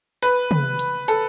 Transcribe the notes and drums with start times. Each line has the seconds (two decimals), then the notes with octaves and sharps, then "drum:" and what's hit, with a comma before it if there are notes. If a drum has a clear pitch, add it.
0.23 B4, drum: hi-hat
0.51 drum: tom
0.79 drum: hi-hat
1.08 A4, drum: hi-hat